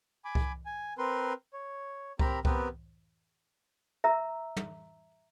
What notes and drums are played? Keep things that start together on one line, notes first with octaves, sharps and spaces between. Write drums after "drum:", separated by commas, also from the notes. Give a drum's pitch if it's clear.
G#5 B5 D6
drum: kick C2
G#5
C4 A#4 B4 C6
C#5
C4 G4 A#4 A#5 B5, drum: kick C2
B3 C4 G4 A#4 B4, drum: kick C2
E5 A#5 E6
drum: tom